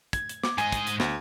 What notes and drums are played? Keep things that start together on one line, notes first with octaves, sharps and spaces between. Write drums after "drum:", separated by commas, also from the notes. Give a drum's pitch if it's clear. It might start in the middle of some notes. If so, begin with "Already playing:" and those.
G#6, drum: kick, hi-hat
drum: hi-hat
D6, drum: snare
G#2 D#5 G#5, drum: hi-hat
drum: kick, hi-hat
drum: hi-hat
D2, drum: snare